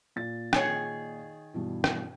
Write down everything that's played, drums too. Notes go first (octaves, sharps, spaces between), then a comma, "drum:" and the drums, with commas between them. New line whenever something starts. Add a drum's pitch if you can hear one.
A#2 A6
D#3 G#4 C#5, drum: rim click
G2 B2 E3
drum: rim click